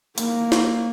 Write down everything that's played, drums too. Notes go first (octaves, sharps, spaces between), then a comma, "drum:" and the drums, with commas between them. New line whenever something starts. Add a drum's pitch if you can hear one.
A#3, drum: hi-hat
drum: snare